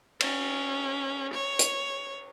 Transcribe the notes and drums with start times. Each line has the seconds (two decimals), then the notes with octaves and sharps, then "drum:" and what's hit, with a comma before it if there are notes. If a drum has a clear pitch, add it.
0.20 C#4, drum: cymbal
1.33 C#5
1.59 drum: hi-hat